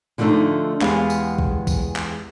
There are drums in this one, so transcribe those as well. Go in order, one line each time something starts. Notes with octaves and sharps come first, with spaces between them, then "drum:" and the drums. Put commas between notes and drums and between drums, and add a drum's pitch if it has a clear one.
D3 F3 G3 A3 D4 D#4
E2 G#3 B3 G4 F5, drum: clap
drum: tambourine
drum: kick B1
drum: kick B1, tambourine
drum: clap